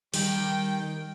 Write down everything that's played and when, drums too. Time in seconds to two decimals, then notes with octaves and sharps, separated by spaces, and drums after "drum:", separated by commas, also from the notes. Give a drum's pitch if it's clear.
0.14 D#3 G3 G5, drum: open hi-hat